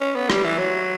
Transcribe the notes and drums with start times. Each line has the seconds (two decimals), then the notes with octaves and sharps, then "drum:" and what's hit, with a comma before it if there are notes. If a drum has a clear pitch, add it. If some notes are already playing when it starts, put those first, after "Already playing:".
0.01 C#4
0.16 B3
0.30 G3, drum: rim click
0.44 E3
0.59 F#3